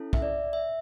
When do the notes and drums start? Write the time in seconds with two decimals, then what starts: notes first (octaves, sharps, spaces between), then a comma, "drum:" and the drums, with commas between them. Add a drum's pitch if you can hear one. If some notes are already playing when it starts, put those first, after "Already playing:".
Already playing: C#4 E4 A4
0.13 E5, drum: kick
0.22 D5
0.53 E5